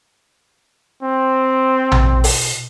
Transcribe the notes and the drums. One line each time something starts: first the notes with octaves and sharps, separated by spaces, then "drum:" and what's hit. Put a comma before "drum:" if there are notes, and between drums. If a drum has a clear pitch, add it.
C4
B2, drum: tom A#1
drum: open hi-hat